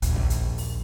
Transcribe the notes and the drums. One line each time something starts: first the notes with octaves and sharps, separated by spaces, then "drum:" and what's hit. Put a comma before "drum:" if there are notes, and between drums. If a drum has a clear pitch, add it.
A#1 D#2, drum: hi-hat
drum: kick
drum: hi-hat
drum: open hi-hat